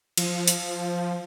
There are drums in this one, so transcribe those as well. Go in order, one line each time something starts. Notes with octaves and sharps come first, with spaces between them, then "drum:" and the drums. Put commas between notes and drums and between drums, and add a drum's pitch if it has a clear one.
F3, drum: cymbal
drum: hi-hat